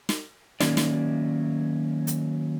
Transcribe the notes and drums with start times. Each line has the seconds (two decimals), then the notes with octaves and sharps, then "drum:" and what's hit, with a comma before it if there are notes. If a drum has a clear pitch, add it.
0.09 drum: snare
0.60 D#3 F#3 A#3 C#4 D5, drum: snare
0.77 drum: snare
2.07 drum: hi-hat